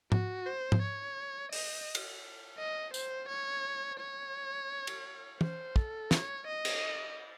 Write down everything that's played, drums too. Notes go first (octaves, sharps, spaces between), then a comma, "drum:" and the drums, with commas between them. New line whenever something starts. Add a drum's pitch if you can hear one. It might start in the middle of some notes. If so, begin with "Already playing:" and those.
F#4, drum: tom G#2
C5
drum: tom G#2
C#5
D#5, drum: open hi-hat
drum: cymbal
D#5
C5, drum: tambourine
C#5
C#5
drum: cymbal
C5, drum: tom
A4, drum: kick
C#5, drum: snare
D#5
drum: cymbal